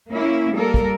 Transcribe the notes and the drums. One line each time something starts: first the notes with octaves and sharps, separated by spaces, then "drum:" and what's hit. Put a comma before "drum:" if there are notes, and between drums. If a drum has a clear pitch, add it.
A#3 C#4 E4
G3 A#3 A4 A#4
drum: kick